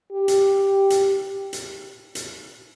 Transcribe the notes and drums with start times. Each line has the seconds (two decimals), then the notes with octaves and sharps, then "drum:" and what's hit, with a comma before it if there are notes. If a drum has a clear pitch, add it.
0.13 G4
0.28 drum: hi-hat
0.90 drum: hi-hat
1.53 drum: hi-hat
2.15 drum: hi-hat